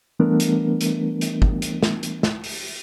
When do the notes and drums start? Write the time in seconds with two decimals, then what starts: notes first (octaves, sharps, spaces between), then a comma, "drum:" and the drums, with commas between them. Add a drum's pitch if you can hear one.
0.19 E3 G3 A3 B3 D4 A#4
0.40 drum: hi-hat
0.81 drum: hi-hat
1.21 drum: hi-hat
1.42 drum: kick
1.62 drum: hi-hat
1.83 drum: snare
2.03 drum: hi-hat
2.23 drum: snare
2.44 drum: open hi-hat